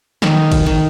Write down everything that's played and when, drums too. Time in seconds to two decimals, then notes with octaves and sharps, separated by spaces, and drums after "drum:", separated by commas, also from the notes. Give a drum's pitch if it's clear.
0.22 D#3, drum: snare
0.52 drum: kick G#1, cymbal
0.66 D#3